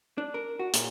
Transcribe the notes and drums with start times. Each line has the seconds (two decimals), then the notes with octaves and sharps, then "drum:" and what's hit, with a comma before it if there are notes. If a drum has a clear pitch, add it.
0.18 D4
0.34 A#4
0.59 F#4
0.73 A#2, drum: hi-hat